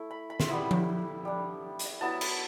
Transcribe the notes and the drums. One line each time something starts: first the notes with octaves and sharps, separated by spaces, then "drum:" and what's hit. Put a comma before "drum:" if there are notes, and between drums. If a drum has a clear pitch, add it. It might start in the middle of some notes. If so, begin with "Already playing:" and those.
Already playing: A3 E4
B5
B5
C6, drum: snare
G3 B3 E4 B5
drum: tom F3
G3 D4
drum: hi-hat
F#3 B3 E4 A5
B5, drum: cymbal